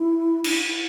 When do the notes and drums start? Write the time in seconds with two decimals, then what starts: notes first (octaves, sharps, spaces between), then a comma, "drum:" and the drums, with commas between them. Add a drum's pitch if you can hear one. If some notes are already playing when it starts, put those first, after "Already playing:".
Already playing: E4
0.44 D4, drum: cymbal
0.50 E4
0.66 E4